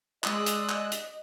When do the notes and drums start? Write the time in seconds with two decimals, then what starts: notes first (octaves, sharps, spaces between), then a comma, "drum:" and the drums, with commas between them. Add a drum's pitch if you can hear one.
0.24 G#3 D5 D#5 D#6 E6 F#6, drum: clap
0.46 drum: hi-hat
0.69 drum: clap
0.92 drum: hi-hat